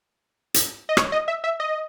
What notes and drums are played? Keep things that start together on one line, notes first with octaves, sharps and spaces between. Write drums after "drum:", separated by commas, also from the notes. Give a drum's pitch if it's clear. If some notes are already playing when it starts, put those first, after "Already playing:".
drum: hi-hat
D#5
C#5, drum: rim click
D#5
E5
E5
D#5